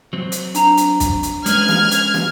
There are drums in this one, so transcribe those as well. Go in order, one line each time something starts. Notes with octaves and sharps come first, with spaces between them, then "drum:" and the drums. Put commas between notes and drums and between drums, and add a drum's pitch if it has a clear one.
F#3 C4
drum: hi-hat
D4 A#5 F7, drum: hi-hat
drum: hi-hat
drum: kick, hi-hat
drum: hi-hat
G#3 C#4 B4 F6 G#6, drum: hi-hat
drum: snare
drum: hi-hat
drum: snare